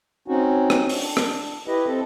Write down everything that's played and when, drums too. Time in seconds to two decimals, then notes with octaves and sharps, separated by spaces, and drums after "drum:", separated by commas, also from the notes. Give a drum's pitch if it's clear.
0.28 C4 C#4 D#4 F#4
0.70 drum: rim click
0.89 D4, drum: open hi-hat
1.17 drum: rim click
1.68 E4 G4 B4 D#5
1.86 C4 A4